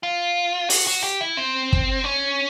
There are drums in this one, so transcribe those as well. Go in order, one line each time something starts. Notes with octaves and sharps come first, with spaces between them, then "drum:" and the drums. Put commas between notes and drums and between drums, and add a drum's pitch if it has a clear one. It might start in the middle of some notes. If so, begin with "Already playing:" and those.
F4
F#4, drum: open hi-hat
F#4
G4
E4
C4
drum: kick
C#4